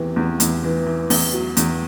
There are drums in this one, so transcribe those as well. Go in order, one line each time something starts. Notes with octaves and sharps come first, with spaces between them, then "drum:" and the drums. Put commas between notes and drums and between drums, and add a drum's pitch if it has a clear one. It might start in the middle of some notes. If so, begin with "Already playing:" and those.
Already playing: E2 C3 E3
E2
E2, drum: hi-hat
E3
E3
E2, drum: open hi-hat
F#3
E2, drum: hi-hat